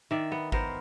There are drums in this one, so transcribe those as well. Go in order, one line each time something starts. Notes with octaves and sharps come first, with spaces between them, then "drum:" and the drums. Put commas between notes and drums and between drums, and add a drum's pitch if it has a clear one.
D#3 D5 E5
B3
B3 A#4 C5, drum: kick G#1